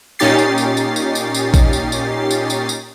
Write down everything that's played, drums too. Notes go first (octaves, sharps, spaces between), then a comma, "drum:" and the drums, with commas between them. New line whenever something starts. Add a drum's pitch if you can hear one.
A#2 C#4 D#4 G4 A6 C7
drum: tambourine
drum: tambourine
drum: tambourine
drum: tambourine
drum: tambourine
drum: tambourine
drum: kick A1, tambourine
drum: tambourine
drum: tambourine
drum: tambourine
drum: tambourine
drum: tambourine